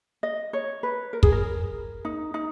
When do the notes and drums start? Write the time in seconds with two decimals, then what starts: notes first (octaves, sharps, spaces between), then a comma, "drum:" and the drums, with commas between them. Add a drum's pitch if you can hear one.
0.23 D#5
0.53 C#5
0.83 B4
1.13 A#4
1.23 G#4, drum: kick
1.32 A#4
2.05 D#4
2.34 D#4